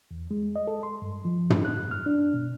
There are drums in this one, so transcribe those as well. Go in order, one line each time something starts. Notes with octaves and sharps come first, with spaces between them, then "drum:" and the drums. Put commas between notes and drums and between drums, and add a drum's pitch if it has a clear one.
E2
G#3
D#5
A4
C6
G2
F3
drum: tom
F#6
F6
D4
B2